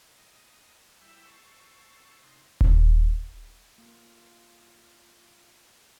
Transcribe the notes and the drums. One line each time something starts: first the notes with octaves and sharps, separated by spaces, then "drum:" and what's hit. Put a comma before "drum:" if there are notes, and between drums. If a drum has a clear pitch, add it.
D#5
G3 E4 E5 G5
C5 A5 C#6 E6
C3 D#4 C6
drum: kick D#1
A#3 F4